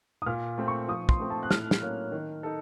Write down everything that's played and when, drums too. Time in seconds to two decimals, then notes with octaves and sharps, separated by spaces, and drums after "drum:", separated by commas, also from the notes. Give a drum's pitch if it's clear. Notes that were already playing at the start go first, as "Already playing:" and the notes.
0.22 D#6
0.26 A#2 F6
0.58 A3 C4
0.68 C#6
0.88 F3 D#6
1.09 C6, drum: kick
1.20 A3 C4
1.30 A5
1.43 F#6
1.51 A2 F6, drum: snare
1.71 drum: snare
1.81 F#3 A#3 C#4
2.12 D#3
2.43 D#4 A4